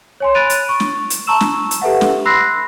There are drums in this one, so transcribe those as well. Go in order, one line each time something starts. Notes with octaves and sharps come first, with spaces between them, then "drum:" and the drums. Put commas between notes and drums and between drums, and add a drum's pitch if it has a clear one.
C#5 G#5 C6
B5 F#6 A6 D7 D#7 F7
drum: hi-hat
C#6
drum: snare
drum: hi-hat
A5 A#5 C#6 E6 E7
drum: snare
drum: hi-hat
G4 A4 B4 E5 F#5
drum: snare
B5 C6 E6 F#6 A#6 C7